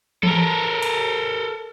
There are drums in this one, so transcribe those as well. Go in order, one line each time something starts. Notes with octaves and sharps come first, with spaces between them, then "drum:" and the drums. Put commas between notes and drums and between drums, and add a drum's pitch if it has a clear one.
A4 A#4, drum: tom E3
drum: cymbal